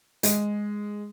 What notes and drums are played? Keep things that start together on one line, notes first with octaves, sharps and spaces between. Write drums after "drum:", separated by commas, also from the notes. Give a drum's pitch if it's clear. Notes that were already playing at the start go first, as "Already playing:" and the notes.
G#3, drum: hi-hat